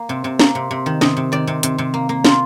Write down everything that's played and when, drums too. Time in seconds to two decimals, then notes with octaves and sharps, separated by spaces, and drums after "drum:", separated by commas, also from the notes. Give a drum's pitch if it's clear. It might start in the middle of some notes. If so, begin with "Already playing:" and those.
Already playing: A#3
0.09 C3
0.24 C3
0.39 A#3, drum: snare
0.55 C3
0.71 C3
0.86 D#3
1.01 C3 D#5, drum: snare
1.17 C3
1.32 D#3 D5
1.47 C3
1.63 C3, drum: hi-hat
1.78 C3
1.94 A#3
2.09 A#3
2.25 F4, drum: snare